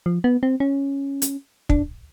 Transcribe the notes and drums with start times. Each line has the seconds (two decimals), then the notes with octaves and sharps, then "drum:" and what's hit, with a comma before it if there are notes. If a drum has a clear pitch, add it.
0.06 F3
0.24 B3
0.43 C4
0.60 C#4
1.22 drum: hi-hat
1.69 D4, drum: kick